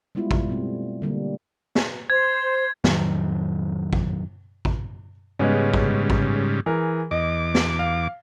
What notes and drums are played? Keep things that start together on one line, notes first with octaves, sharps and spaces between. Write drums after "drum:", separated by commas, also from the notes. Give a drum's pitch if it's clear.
G3 G#3 B3 E4 F4
drum: kick A1
B2 G3 A3 C4
D3 G3 A#3
drum: snare
C5 G#6
F2 A2 D#3 F#3, drum: snare
drum: kick A1
drum: kick A1
G#2 C#3 G3 G#3 B3 C#4
drum: kick A1
drum: kick A1
E3 G#4 A#4
E2 D#5 D6
drum: snare
F5